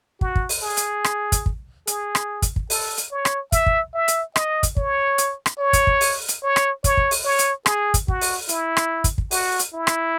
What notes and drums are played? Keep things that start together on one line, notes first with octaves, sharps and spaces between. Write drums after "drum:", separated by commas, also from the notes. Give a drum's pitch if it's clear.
F#4, drum: kick
drum: kick
drum: open hi-hat
G#4
drum: hi-hat
drum: rim click
drum: kick, hi-hat
drum: kick
G#4, drum: hi-hat
drum: rim click
drum: kick, hi-hat
drum: kick
A4, drum: open hi-hat
drum: hi-hat
C#5
drum: rim click
E5, drum: kick, hi-hat
drum: kick
E5
drum: hi-hat
D#5, drum: rim click
drum: kick, hi-hat
C#5, drum: kick
drum: hi-hat
drum: rim click
C#5
drum: kick, hi-hat
drum: kick
drum: open hi-hat
drum: hi-hat
C#5
drum: rim click
C#5, drum: kick, hi-hat
drum: kick
drum: open hi-hat
C#5
drum: hi-hat
G#4, drum: rim click
drum: kick, hi-hat
F#4, drum: kick
drum: open hi-hat
E4, drum: hi-hat
drum: rim click
drum: kick, hi-hat
drum: kick
F#4, drum: open hi-hat
drum: hi-hat
E4
drum: rim click